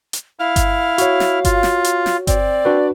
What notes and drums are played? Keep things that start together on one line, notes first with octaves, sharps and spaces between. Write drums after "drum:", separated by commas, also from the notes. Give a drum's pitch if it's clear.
drum: hi-hat
E4 F5 F6
drum: kick G1, hi-hat
F#4 C#5, drum: hi-hat
drum: snare
F4, drum: kick G1, hi-hat
drum: snare
drum: hi-hat
drum: snare
C4 D5, drum: kick G1, hi-hat
D4 F#4 B4